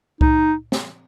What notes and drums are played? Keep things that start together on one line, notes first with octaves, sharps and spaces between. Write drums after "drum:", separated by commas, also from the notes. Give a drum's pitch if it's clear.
D#4, drum: kick C2
drum: snare